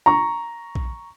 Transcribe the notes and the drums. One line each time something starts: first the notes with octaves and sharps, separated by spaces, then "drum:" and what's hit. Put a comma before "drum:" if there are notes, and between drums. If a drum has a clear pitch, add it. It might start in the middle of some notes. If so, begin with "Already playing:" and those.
A#5 C#6
drum: kick A#1